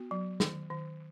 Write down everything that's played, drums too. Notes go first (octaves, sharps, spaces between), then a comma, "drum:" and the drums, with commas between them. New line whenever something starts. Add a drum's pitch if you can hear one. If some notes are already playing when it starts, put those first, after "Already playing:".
Already playing: B3 F#4
F#3
D#3, drum: snare
D#3